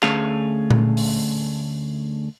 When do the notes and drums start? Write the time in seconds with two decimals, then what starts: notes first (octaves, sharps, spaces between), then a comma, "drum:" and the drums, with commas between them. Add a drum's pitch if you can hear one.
0.03 D2 A3 C#4 G#4 F5, drum: clap
0.70 drum: tom A#2
0.97 drum: open hi-hat